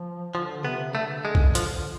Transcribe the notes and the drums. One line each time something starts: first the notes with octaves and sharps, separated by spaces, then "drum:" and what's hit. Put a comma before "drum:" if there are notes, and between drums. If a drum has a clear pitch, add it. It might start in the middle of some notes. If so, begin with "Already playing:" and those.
Already playing: F3
D3 F3
C3 B3
D3 A3
G#3
drum: kick
F3, drum: hi-hat